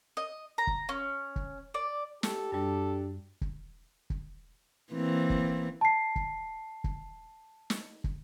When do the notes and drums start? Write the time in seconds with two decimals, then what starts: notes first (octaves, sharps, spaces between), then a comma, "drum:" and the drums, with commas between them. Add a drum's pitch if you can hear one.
0.17 D#5
0.58 A#5
0.67 drum: kick
0.89 C#4
1.36 drum: kick
1.74 D5
2.23 G4 A4, drum: snare
2.52 F#2 G3 D4 A4
3.41 drum: kick
4.10 drum: kick
4.93 E3 A#3 C4
5.30 drum: kick
5.81 A5 C7
6.16 drum: kick
6.84 drum: kick
7.70 drum: snare
8.04 drum: kick